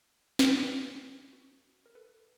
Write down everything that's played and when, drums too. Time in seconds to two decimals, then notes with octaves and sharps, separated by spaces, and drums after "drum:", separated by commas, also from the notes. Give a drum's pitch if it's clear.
0.39 F4 G4, drum: snare
0.71 F#4
1.33 F#4
1.86 A#4
1.95 A4 B4